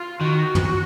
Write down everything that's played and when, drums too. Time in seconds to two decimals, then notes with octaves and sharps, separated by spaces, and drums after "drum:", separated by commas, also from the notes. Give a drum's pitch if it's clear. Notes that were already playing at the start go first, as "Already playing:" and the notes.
Already playing: F4
0.21 D#3 F#4
0.55 drum: tom